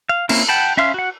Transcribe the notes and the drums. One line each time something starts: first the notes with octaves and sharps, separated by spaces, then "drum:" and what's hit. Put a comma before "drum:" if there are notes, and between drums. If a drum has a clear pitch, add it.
F5
A#3 C4 C#4 E4, drum: cymbal
F#5 G5 A5 B5
C#4 E5 F5 C6 F6
F#4 F#5